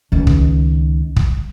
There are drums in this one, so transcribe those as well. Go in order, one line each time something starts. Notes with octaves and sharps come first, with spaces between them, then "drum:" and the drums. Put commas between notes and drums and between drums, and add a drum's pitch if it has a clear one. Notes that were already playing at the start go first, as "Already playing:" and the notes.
C#2 D#3
drum: kick
drum: kick